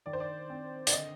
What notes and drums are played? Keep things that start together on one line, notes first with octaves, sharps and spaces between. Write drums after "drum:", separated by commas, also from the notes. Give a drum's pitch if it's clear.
D#3 D5
C5
D5
C4
D5, drum: hi-hat
D3 D#5